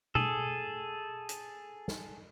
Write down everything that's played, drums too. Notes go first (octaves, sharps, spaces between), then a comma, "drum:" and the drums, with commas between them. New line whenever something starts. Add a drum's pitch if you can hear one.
G#4 A4, drum: tom B2
drum: hi-hat
drum: snare